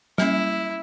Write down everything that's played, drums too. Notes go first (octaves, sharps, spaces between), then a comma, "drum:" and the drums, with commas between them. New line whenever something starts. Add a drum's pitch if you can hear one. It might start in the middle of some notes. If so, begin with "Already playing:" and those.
G3 A#3 C#4 E4, drum: snare